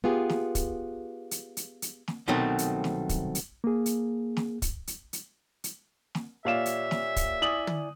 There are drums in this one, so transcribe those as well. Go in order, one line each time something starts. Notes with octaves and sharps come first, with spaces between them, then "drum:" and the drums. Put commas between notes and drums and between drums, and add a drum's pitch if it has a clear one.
B3 F4 G4 G#4
drum: snare
drum: kick, hi-hat
drum: hi-hat
drum: hi-hat
drum: hi-hat
drum: snare
C2 B2 D#3 F#3 A3 C4
drum: hi-hat
drum: snare
drum: kick, hi-hat
drum: hi-hat
A#3 G#4
drum: hi-hat
drum: snare
drum: kick, hi-hat
drum: hi-hat
drum: hi-hat
drum: hi-hat
drum: snare
A#2 G4 C#5 D5 E5 F5 E7
drum: hi-hat
drum: snare
drum: kick, hi-hat
E4 D5 G#5 D#6 F#7
drum: tom